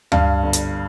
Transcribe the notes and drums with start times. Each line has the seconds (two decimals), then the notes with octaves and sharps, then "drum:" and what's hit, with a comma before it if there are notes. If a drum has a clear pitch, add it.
0.12 G2 F5, drum: tom D2
0.43 G1
0.53 drum: hi-hat